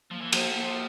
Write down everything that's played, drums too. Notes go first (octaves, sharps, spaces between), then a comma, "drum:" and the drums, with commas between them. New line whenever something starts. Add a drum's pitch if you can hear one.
F3 A#3
E3
F3, drum: cymbal
A#3